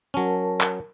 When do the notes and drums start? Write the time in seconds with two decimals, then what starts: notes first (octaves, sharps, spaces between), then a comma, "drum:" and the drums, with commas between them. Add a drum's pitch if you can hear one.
0.14 F#3 C#4 A#4 A5
0.61 drum: clap